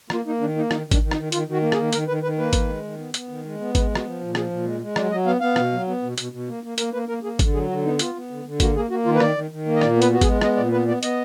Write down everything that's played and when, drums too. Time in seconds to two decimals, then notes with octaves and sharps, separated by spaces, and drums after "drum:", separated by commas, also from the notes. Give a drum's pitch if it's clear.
0.10 A#3 F4, drum: rim click
0.25 A#3 D#4
0.40 D#3 D4
0.55 A#3 D#4
0.71 D#3 D#4, drum: rim click
0.86 D#3
0.91 D4, drum: kick G#1, hi-hat
1.02 D#3
1.11 D#4, drum: rim click
1.17 D#3
1.32 D#3 F4, drum: hi-hat
1.47 D#3 F#4
1.62 A#3
1.72 G#4, drum: rim click
1.77 D#3
1.93 D#3 A#4, drum: hi-hat
2.08 D#3 B4
2.23 D#3 B4
2.38 A#3 B4
2.53 D#3, drum: kick G#1, hi-hat
2.68 G#3
2.83 D#3
2.98 B3
3.14 B3, drum: hi-hat
3.29 D#3
3.44 G#3
3.60 B3
3.75 G#3 B4, drum: kick G#1, hi-hat
3.90 B3
3.95 F#4, drum: rim click
4.06 F3
4.21 A#2
4.35 F3 G#4, drum: rim click
4.51 A#2
4.65 G#3
4.81 G#3
4.96 F#3 D5, drum: rim click
5.11 F#3 D#5
5.26 B3 F5
5.41 B3 F5
5.56 B2, drum: rim click
5.72 F#3
5.88 B3
6.02 B2
6.18 B2, drum: hi-hat
6.32 B2
6.48 A#3
6.63 A#3
6.78 A#3 A#4, drum: hi-hat
6.93 A#3 B4
7.08 A#3 A#4
7.23 A#3 G#4
7.39 D3, drum: kick G#1, hi-hat
7.54 F#3 G#4
7.69 D3 F#4
7.85 B3 D#4
7.99 B3 F4, drum: hi-hat
8.14 B3
8.30 D3
8.45 D3
8.60 A#3 F#4, drum: kick G#1, hi-hat
8.75 A#3 G#4
8.90 A#3 F#4
9.05 D#3 F4
9.15 B4
9.20 D#3 D5, drum: rim click
9.36 D#3
9.51 D#3
9.66 A#3
9.76 D#5
9.81 A#2 D5, drum: rim click
9.96 B3
10.02 B4, drum: hi-hat
10.12 B3 F#4
10.21 G#4, drum: kick G#1, hi-hat
10.26 G#3
10.41 B3 D#5, drum: rim click
10.57 A#2 D5
10.72 B3 B4
10.88 B3 D5
11.03 B3 D#5, drum: hi-hat